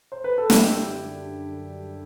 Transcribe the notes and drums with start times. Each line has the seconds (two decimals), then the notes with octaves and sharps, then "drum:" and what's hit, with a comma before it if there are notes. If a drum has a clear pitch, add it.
0.12 C5
0.24 B4
0.38 A4
0.50 F#2 D3 G3 D4 E4 G4, drum: snare